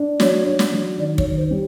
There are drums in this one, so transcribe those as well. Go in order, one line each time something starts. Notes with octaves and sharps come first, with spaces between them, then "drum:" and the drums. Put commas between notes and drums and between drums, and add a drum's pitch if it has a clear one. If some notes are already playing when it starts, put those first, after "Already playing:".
Already playing: D4
F#3 C#5, drum: snare
D4
drum: snare
F#3
D#3 D5
C#5, drum: kick
D#3
C5
G3